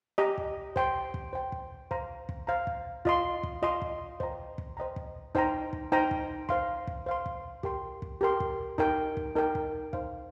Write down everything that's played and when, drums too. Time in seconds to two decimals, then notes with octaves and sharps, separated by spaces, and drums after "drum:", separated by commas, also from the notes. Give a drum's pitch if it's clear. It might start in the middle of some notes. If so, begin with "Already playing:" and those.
0.18 G4 D#5 A#5
0.38 drum: kick
0.76 C5 G5 C6, drum: kick
1.14 drum: kick
1.33 C5 G5 C6
1.52 drum: kick
1.91 C5 F5 A#5, drum: kick
2.29 drum: kick
2.47 C5 F5 A#5
2.67 drum: kick
3.05 F4 D#5 C6, drum: kick
3.43 drum: kick
3.62 F4 D#5 C6
3.82 drum: kick
4.20 C5 D#5 G5 A#5, drum: kick
4.58 drum: kick
4.77 C5 D#5 G5 A#5
4.96 drum: kick
5.35 D#4 C5 G5 A#5, drum: kick
5.73 drum: kick
5.92 D#4 C5 G5 A#5
6.11 drum: kick
6.49 C5 F5 C6, drum: kick
6.87 drum: kick
7.06 C5 F5 C6
7.26 drum: kick
7.63 G4 A#4 G5 C6, drum: kick
8.02 drum: kick
8.21 G4 A#4 G5 C6
8.40 drum: kick
8.78 D#4 A#4 G5, drum: kick
9.17 drum: kick
9.35 D#4 A#4 G5
9.55 drum: kick
9.93 D#4 C5 F5, drum: kick